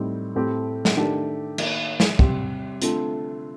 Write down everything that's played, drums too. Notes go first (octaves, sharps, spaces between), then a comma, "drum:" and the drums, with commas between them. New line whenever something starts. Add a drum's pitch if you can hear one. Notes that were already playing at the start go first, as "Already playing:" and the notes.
Already playing: A2 G3 C4 D#4 G4
A2 A3 C4 G4
drum: snare
D#3 A3 D4 G4
D#3 A#3 D#4, drum: cymbal
drum: snare
C3 G3 C4 G4, drum: kick
D3 A3 C4 F4, drum: hi-hat